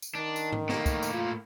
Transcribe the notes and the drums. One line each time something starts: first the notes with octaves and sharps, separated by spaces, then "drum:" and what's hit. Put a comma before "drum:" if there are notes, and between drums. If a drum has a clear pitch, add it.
drum: tambourine
D#3 D4
drum: tambourine
drum: tom G#2
A2 A#3, drum: snare
drum: kick, tambourine
drum: tambourine
F4